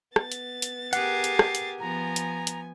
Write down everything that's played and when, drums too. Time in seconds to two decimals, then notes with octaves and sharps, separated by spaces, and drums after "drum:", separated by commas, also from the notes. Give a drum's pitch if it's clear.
0.16 B3 A6, drum: rim click
0.32 drum: hi-hat
0.62 drum: hi-hat
0.93 G4 G#4 A#4 F#5 C7, drum: hi-hat
1.24 drum: hi-hat
1.39 drum: rim click
1.55 drum: hi-hat
1.80 F3 B3 G#5 A#5
2.16 drum: hi-hat
2.47 drum: hi-hat